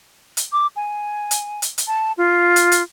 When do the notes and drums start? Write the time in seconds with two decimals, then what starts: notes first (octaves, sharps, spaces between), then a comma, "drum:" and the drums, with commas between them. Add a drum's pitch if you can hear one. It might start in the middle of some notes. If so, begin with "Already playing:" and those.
0.37 drum: hi-hat
0.53 D6
0.76 G#5
1.31 drum: hi-hat
1.62 drum: hi-hat
1.78 drum: hi-hat
1.87 A5
2.17 F4
2.56 drum: hi-hat
2.72 drum: hi-hat